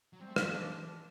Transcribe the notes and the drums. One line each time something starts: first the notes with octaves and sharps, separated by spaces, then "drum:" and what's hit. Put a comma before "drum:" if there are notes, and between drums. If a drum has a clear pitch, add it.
F#3
G3 C4
A3
G3, drum: rim click
F#3
E3 D4